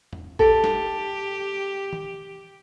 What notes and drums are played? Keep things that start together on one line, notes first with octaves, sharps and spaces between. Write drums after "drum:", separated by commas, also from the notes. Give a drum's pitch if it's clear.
drum: tom E2
G4 A4, drum: kick G#1
drum: snare
drum: tom D#3